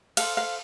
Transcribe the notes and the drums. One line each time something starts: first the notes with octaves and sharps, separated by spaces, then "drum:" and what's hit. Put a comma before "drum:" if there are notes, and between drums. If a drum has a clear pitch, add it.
A4 C5 F5, drum: cymbal
F5